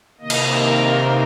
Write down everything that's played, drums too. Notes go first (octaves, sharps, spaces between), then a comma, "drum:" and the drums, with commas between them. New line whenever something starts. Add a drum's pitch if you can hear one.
C3 D#3 A#3 D#5
drum: cymbal
A#4